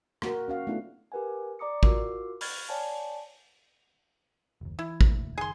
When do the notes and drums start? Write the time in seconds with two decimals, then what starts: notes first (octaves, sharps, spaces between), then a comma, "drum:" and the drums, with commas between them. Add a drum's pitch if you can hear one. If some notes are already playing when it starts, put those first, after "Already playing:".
0.22 A#3 F#4 A#4, drum: rim click
0.48 C#4 F#4 F5
0.67 A3 B3 D4 E4 F4
1.12 G4 A#4 B4 F#5 G#5
1.59 D5 A#5 D6 D#6 C#7
1.83 F4 F#4 A#4 D6 E6 C7, drum: kick
2.41 B5 C#6 F6 F#6 G#6 A6, drum: open hi-hat
2.69 C#5 D5 F#5 G#5 A5
4.61 F#1 D#2
4.79 E3 E4
5.01 drum: kick
5.11 E1 D2 A#3
5.38 F#1 D#3 G#4 C6